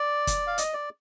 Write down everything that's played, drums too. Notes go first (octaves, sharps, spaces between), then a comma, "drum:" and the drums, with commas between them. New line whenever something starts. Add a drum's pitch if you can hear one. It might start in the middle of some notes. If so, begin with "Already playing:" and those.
Already playing: D5
drum: kick, hi-hat
F5
D#5, drum: hi-hat
D5